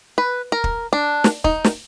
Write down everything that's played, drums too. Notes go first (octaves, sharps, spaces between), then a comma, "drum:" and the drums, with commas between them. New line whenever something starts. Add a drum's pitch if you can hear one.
B4
A#4
drum: kick
D4
drum: snare
D#4, drum: kick
drum: snare